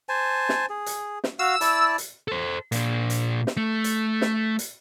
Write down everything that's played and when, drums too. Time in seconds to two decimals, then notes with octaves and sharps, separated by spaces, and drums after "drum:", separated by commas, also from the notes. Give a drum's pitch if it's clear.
0.09 C5 G#5 A5
0.49 drum: snare
0.70 G#4
0.86 drum: hi-hat
1.24 drum: snare
1.39 F#4 F5 E6
1.61 E4 D5 A5, drum: hi-hat
1.98 drum: hi-hat
2.28 A4 C5
2.72 A#2 D4, drum: hi-hat
3.10 drum: hi-hat
3.47 drum: snare
3.57 A3
3.84 drum: hi-hat
4.21 drum: snare
4.59 drum: hi-hat